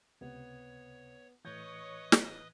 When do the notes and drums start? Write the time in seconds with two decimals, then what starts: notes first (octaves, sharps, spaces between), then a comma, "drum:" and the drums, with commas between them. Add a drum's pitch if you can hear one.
0.21 C#2 C3 B3 C#5
1.45 A2 E3 B4 C#5 D#5 D#6 G6 G#6
2.12 drum: snare